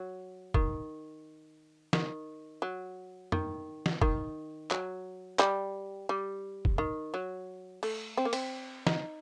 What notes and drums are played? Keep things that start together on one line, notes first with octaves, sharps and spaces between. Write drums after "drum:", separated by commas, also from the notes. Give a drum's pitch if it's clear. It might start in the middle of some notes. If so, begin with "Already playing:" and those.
Already playing: F#3
D#3, drum: kick
D#3, drum: snare
F#3
D#3, drum: tom
drum: snare
D#3, drum: kick
F#3, drum: clap
G3, drum: clap
G3
drum: kick
D#3
F#3
A3, drum: cymbal
C4
A#3
C4, drum: cymbal
D#4, drum: snare